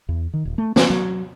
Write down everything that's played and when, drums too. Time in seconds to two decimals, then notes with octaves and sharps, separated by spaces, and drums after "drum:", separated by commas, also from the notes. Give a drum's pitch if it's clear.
0.09 E2
0.34 D#3
0.45 D#1
0.58 A3
0.76 F3, drum: snare
0.90 F#3